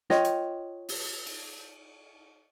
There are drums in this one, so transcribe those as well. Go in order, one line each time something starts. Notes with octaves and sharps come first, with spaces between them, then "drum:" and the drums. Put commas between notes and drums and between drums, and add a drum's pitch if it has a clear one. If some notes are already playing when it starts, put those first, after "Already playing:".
F4 C#5 D#5 G5, drum: snare
drum: hi-hat
drum: open hi-hat
drum: cymbal